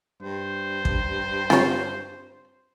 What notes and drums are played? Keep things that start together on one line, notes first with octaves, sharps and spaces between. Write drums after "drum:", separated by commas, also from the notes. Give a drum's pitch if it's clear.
G2 C5
drum: kick
F4 C#5, drum: snare C4